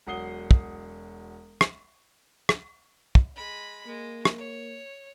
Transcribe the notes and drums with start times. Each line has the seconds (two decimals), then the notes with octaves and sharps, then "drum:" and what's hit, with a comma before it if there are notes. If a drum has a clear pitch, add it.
0.07 E1 F#3 F#5 D#6 C7 G7
0.51 drum: kick
1.61 drum: rim click
2.49 drum: rim click
3.15 drum: kick
3.36 G#3 B5
3.86 G#3 A#3
4.25 drum: rim click
4.38 C#5